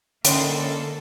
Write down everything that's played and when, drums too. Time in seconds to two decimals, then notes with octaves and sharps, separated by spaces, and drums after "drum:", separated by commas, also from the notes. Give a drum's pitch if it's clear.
0.25 D3 G3 G#3 A#3 C#4 A4 C#5, drum: hi-hat